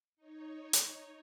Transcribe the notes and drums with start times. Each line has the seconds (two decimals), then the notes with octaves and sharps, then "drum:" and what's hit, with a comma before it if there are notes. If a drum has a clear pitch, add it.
0.16 D#4 C#5
0.73 drum: hi-hat